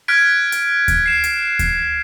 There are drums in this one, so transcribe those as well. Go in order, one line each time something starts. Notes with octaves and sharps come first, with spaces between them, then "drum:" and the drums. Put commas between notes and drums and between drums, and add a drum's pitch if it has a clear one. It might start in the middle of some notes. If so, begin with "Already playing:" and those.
F6 F#6 G#6 B6 D7
drum: hi-hat
drum: kick D#2, hi-hat
C7 E7
drum: hi-hat
drum: kick D#2, hi-hat